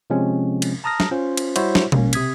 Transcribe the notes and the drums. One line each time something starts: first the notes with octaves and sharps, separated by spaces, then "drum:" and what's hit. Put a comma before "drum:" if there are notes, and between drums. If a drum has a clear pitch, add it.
C3 F3 G#3 C4 C#4
drum: cymbal
A5 A#5 D#6 F6 A#6
drum: snare
C#4 F4 C5
drum: cymbal
G3 E4 F#4 C5 C#5 E5, drum: cymbal
drum: snare
A#1 A#3 C#4, drum: tom B2
C3 D#6 G#6 B6, drum: cymbal